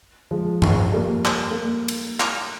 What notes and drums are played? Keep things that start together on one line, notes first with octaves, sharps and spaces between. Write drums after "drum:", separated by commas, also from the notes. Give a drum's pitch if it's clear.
F3 G#3
drum: tom F#2
G3 A#3
drum: clap
A#3
drum: cymbal
drum: clap